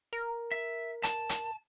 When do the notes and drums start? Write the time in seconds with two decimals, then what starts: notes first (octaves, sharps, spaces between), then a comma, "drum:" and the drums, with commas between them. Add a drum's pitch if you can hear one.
0.13 A#4
0.52 E5
1.03 A5, drum: hi-hat
1.29 drum: hi-hat